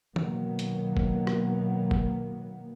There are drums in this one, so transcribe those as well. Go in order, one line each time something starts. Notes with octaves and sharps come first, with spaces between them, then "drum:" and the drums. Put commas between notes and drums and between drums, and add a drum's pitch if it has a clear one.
B2 D#3 F#3 A#3 B3, drum: tom E3
drum: hi-hat
drum: kick
drum: rim click
drum: kick